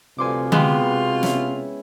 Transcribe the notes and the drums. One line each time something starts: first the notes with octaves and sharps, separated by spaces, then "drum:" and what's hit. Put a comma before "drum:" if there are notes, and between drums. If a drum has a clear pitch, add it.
D2 G2 C3 F3 G#5 C6 D6
B2 G#3 B3 F4 B4 G5, drum: tom D3
C#4 E4, drum: snare